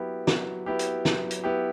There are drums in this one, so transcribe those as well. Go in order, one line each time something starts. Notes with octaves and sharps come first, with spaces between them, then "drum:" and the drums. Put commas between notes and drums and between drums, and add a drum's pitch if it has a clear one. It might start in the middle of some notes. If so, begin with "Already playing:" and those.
Already playing: F#3 B3 E4 G4
F#3, drum: snare
B3 E4 G4
drum: hi-hat
F#3, drum: snare
drum: hi-hat
B3 E4 G4